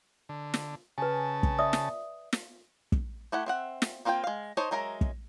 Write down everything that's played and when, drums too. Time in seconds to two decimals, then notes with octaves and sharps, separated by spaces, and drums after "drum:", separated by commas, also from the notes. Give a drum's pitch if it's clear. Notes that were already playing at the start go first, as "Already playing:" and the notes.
0.29 D3
0.54 drum: snare
0.98 C#3 B4 G#5 A5
1.43 drum: kick
1.59 D5 E5 D#6
1.73 drum: snare
2.33 drum: snare
2.92 drum: kick
3.32 A3 E4 G4 F#5
3.46 C4 E5 F#5
3.82 drum: snare
4.05 A#3 C4 F4 A#4 G5
4.24 G#3 F5
4.57 D#4 C5 C#5 D#5 A5
4.71 F#3 G#3 A#4 E5 A#5
5.01 drum: kick